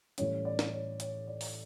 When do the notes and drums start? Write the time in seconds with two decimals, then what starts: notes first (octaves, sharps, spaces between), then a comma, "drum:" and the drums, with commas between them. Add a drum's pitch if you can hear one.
0.18 A2 E3 G3 C#4 C#5, drum: hi-hat
0.45 D5
0.59 drum: snare
0.73 C#5
1.00 C#5, drum: hi-hat
1.27 D5
1.41 drum: open hi-hat